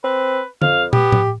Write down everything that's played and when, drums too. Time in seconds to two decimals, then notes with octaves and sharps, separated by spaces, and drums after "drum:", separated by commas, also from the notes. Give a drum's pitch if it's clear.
0.04 C4 B4
0.62 F2 F5, drum: tom
0.93 B3 G4, drum: tom
1.12 drum: tom A2